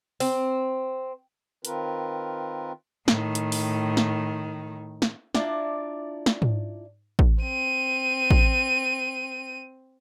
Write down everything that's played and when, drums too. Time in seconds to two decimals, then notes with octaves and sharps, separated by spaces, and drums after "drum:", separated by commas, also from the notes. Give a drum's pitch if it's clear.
0.20 C4, drum: open hi-hat
1.65 D#3 C4 F4 A#4 B4, drum: hi-hat
3.08 A2 D#3, drum: snare
3.35 drum: hi-hat
3.52 drum: open hi-hat
3.97 drum: snare
5.02 drum: snare
5.35 D4 E4 F4 D5 A5 A#5, drum: snare
6.26 drum: snare
6.42 drum: tom G#2
7.19 drum: kick A1
7.42 C4 D#7
8.31 drum: kick A1